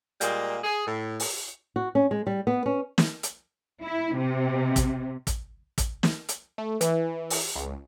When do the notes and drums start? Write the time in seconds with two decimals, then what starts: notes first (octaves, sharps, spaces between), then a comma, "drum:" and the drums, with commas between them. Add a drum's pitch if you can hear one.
0.21 A#2 G3 G#3 A#3, drum: hi-hat
0.63 G#4
0.86 A2
1.20 drum: open hi-hat
1.76 F#4
1.95 C#4
2.11 G#3
2.27 G3
2.47 B3
2.66 C#4
2.98 drum: snare
3.23 drum: hi-hat
3.84 E4
4.18 C3
4.76 drum: kick, hi-hat
5.27 drum: kick, hi-hat
5.78 drum: kick, hi-hat
6.03 drum: snare
6.29 drum: hi-hat
6.58 A3
6.81 E3, drum: hi-hat
7.30 drum: open hi-hat
7.56 C#2